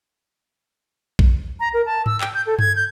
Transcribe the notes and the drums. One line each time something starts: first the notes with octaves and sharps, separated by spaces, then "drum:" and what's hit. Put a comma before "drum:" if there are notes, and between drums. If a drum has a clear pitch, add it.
drum: kick B1
A#5
A#4
A5
E6, drum: tom G#2
G5, drum: clap
G6
A4
G#6, drum: tom G2
G6